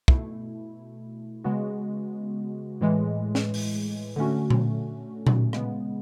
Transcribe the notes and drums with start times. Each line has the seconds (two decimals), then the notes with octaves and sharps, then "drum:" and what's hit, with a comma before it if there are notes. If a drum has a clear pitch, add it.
0.08 B2 A3 E4, drum: kick
1.44 C#3 G#3 B3 F#4
2.81 A2 E3 G#3
3.35 drum: snare
3.54 drum: open hi-hat
4.16 D3 A3 C#4 F#4
4.50 drum: tom A#2
5.27 drum: tom A#2
5.53 C#3 G#3 B3, drum: rim click